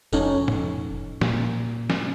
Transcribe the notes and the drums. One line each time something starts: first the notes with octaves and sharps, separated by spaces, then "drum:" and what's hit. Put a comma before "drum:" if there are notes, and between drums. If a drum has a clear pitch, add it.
F1 C#4 D#4 A4, drum: tambourine
drum: tom A2
A#2, drum: snare
drum: snare